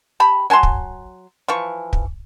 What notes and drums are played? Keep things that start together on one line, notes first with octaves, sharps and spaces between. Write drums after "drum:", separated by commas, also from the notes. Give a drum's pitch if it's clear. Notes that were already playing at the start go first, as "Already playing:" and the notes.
G4 A5 B5
F#3 G#5 A5 C6
drum: kick
E3 F3 C#6
drum: kick